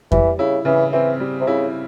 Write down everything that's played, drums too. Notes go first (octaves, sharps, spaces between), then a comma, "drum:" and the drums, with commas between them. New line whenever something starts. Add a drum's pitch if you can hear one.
E3 G3, drum: kick F2
C#3 E4
C#3 E3
E3 C4
G3
C3
C#3 E4